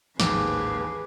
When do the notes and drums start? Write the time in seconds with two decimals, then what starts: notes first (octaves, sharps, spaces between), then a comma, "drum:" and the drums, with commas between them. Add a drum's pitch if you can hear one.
0.20 A1 D#2 G#2 D#3 G#4 B4 D6, drum: snare